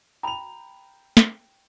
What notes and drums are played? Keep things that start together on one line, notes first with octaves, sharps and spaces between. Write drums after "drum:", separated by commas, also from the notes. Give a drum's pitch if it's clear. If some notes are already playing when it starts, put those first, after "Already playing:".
G5 A#5 B5 F7
drum: snare